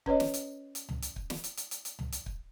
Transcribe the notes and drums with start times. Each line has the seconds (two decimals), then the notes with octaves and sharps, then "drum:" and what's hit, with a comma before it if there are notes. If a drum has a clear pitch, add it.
0.06 C#4 B4 C#5 D#5, drum: kick
0.20 drum: snare
0.34 drum: hi-hat
0.75 drum: hi-hat
0.89 drum: tom C#2
1.02 drum: hi-hat
1.16 drum: kick
1.30 drum: snare
1.44 drum: hi-hat
1.57 drum: hi-hat
1.71 drum: hi-hat
1.85 drum: hi-hat
1.99 drum: tom C#2
2.12 drum: hi-hat
2.26 drum: kick